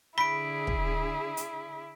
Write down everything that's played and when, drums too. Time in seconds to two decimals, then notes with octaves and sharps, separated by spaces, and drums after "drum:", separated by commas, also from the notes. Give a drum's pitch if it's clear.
0.18 D3 E4 G#4 B5 B6 D7
0.67 drum: kick
1.37 drum: hi-hat